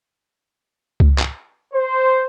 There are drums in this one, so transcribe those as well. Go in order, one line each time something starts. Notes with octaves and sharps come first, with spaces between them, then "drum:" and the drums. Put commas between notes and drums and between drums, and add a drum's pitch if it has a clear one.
drum: kick C#2
drum: clap
C5